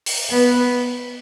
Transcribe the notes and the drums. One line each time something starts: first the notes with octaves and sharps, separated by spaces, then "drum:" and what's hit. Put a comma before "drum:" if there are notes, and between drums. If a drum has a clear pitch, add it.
drum: open hi-hat
B3